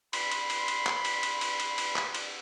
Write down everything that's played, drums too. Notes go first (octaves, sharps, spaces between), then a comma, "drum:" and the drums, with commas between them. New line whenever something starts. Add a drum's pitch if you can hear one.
B5 C6, drum: cymbal
drum: cymbal
drum: cymbal
drum: cymbal
drum: clap
drum: cymbal
drum: cymbal
drum: cymbal
drum: cymbal
drum: cymbal
drum: clap
drum: cymbal